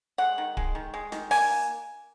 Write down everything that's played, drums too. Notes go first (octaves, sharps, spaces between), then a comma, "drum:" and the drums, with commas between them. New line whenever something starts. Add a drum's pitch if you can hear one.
G#3 F#5
D#3
G#3, drum: kick D1
D#3
G#3
D#3, drum: snare
A#3 G#5, drum: open hi-hat